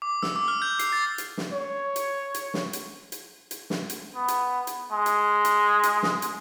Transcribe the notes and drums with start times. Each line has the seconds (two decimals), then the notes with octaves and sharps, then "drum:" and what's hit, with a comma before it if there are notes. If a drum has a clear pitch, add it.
0.02 D6
0.23 E6, drum: snare
0.36 D6
0.48 F6
0.62 G6
0.79 C7, drum: hi-hat
0.93 A6
1.18 drum: hi-hat
1.38 drum: snare
1.53 C#5
1.96 drum: hi-hat
2.34 drum: hi-hat
2.54 drum: snare
2.73 drum: hi-hat
3.12 drum: hi-hat
3.51 drum: hi-hat
3.70 drum: snare
3.90 drum: hi-hat
4.16 B3
4.28 drum: hi-hat
4.67 drum: hi-hat
4.92 G#3
5.06 drum: hi-hat
5.45 drum: hi-hat
5.83 drum: hi-hat
6.03 drum: snare
6.22 drum: hi-hat